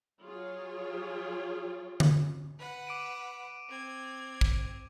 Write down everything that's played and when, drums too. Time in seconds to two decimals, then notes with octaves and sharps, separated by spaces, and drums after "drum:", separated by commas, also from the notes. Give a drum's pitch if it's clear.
0.22 F#3 F4 G#4 C#5
2.00 drum: tom D3
2.58 B4 F#5
2.87 D6 D7 D#7
3.68 C4 G#6
4.41 drum: kick